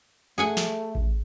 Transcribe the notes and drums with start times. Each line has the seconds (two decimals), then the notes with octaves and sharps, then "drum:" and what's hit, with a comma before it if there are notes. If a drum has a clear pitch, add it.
0.38 A3 G#4 F#5 G#5
0.57 drum: snare
0.95 drum: kick A1